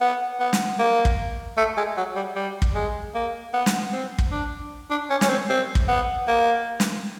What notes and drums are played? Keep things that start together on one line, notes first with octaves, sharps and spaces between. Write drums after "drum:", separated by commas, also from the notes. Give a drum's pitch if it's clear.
B3
B3
drum: snare
A#3
drum: kick
A3
G#3
F#3
G3
G3
drum: kick
G#3
A#3
B3
drum: snare
C4
drum: kick
D4
D4
C#4
C#4, drum: snare
C4
C4
drum: kick
B3
A#3
drum: snare